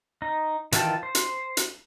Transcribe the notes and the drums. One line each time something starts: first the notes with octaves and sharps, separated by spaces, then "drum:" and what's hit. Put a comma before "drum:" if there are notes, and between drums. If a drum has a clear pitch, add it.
D#4
D#3 E3 F4 G5 A5, drum: hi-hat
C5
drum: hi-hat
drum: hi-hat